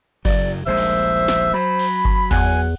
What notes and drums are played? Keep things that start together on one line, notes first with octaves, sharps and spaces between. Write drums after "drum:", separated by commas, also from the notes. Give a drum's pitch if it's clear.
F#1 F#3 D5, drum: kick G1, cymbal
D#1 A#1 G#3 C5 E5
drum: cymbal
drum: snare
F#3 B5
drum: cymbal
drum: kick G1
E2 F#5 G#5, drum: kick G1, cymbal